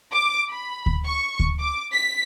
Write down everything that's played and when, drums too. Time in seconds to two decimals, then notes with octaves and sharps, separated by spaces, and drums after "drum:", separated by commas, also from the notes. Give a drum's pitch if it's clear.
0.12 D6
0.51 B5
0.86 drum: kick D2
1.07 C#6
1.40 drum: kick D2
1.59 D6
1.93 B6